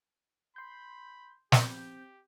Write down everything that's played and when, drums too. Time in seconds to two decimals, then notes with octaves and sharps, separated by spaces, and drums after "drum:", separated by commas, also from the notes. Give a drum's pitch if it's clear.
0.56 B5 C6 G6
1.52 C4 G4 G6, drum: snare